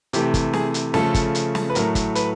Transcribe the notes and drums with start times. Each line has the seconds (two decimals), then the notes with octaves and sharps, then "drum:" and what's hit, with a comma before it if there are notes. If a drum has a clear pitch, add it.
0.13 C3 E3 A3 G4, drum: hi-hat
0.34 drum: kick, hi-hat
0.53 G#4, drum: snare
0.74 drum: hi-hat
0.94 C#3 F3 A3 A4, drum: snare
1.14 drum: kick, hi-hat
1.35 drum: hi-hat
1.55 drum: snare
1.70 B4
1.75 A2 F#3 A3 A#4, drum: hi-hat
1.95 drum: kick, hi-hat
2.15 B4, drum: hi-hat